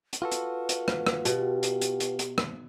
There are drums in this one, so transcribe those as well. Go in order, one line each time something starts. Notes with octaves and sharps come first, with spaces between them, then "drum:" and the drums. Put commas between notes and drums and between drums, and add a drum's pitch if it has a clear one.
drum: hi-hat
F4 F#4 A4 B4
drum: hi-hat
drum: hi-hat
drum: rim click
drum: rim click
B2 G4, drum: hi-hat
drum: hi-hat
drum: hi-hat
drum: hi-hat
drum: hi-hat
drum: rim click